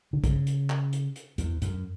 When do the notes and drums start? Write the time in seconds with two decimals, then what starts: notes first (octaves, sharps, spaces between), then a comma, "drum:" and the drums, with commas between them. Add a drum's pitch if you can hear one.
0.13 D3
0.24 C#3, drum: kick, hi-hat
0.47 drum: hi-hat
0.70 drum: clap
0.93 drum: hi-hat
1.16 drum: hi-hat
1.38 E2, drum: hi-hat
1.62 F#2, drum: hi-hat